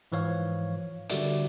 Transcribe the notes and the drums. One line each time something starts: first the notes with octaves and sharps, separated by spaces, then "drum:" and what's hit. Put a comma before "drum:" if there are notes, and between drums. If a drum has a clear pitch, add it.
G#2 E3 F3 C#5 F5
D3 G3 F#4 D5 E5, drum: hi-hat